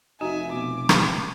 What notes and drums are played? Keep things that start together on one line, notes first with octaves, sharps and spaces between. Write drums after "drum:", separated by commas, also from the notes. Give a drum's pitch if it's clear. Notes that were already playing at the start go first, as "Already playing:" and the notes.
F1 D#4 F#4 E5 G#5
B2 D6
drum: rim click